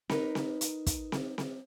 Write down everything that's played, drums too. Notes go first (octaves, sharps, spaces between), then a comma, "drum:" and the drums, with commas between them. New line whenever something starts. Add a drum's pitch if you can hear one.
D#4 A#4 B4, drum: snare C4
drum: snare C4
drum: hi-hat
drum: kick, hi-hat
drum: snare C4
drum: snare C4